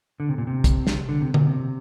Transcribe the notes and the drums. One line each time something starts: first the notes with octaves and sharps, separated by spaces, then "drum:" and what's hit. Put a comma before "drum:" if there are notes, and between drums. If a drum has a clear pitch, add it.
D3
C3
A#2
C3
drum: kick, hi-hat
drum: snare
D3
C3
A#2, drum: tom D3
C3